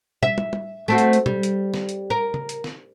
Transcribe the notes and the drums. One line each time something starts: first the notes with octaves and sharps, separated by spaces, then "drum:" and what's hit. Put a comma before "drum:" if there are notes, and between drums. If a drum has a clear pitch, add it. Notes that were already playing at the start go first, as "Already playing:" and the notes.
E5, drum: tom
drum: tom
drum: tom
A3 C4 F#4
drum: hi-hat
drum: hi-hat
G3, drum: tom
drum: hi-hat
drum: snare
drum: hi-hat
A#4
drum: tom
drum: hi-hat
drum: snare